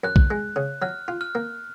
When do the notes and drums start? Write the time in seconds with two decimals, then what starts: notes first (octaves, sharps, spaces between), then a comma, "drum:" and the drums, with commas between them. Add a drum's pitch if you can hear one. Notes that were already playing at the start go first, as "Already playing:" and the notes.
0.04 F#2 F#6
0.16 drum: kick B1
0.31 G#3
0.56 C#3
0.82 F#3 F6
1.08 F4
1.21 F6
1.35 A#3